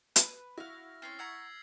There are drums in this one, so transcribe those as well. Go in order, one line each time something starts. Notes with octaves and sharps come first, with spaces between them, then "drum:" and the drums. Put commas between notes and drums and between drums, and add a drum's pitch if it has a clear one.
B4, drum: hi-hat
E4 F#4 F5 A#6
C4 C#4 C#5 F6 A6 C7
F#5 A#5 C#6 E6 G#6 B6